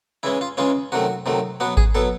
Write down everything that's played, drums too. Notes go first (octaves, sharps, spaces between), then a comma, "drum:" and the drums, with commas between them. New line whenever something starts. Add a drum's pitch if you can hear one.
C#3 E3 G#3 C#4 E4
F4
C#3 E3 G#3 C#4 F4
C3 D#3 F#3 A3 F#4
C3 D#3 F#3 A3
B2 F#3 B3 F#4
G#4, drum: kick G#1
B2 F#3 B3 A4